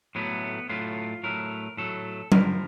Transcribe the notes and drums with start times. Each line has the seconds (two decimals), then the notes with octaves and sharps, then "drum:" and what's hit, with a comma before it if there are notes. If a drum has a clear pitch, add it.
0.15 A2 F#3 A3 B3
0.69 A2 F#3 A3 F4
1.23 A2 F#3 A3 A#4
1.77 A2 F#3 A3 A4
2.32 G2 D3 F3 A3 A#4, drum: tom F#3